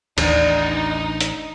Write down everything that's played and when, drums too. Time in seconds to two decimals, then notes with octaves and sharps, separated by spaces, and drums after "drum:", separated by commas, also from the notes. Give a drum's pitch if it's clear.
0.18 A1 D#2 E3 D4 D#4, drum: cymbal
1.21 drum: hi-hat